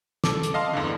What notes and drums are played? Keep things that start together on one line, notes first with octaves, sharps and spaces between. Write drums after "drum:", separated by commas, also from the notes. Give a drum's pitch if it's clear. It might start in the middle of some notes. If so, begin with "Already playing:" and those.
A4 D6, drum: snare
drum: hi-hat
D#5 F5 A5 C6
E2 G2 D3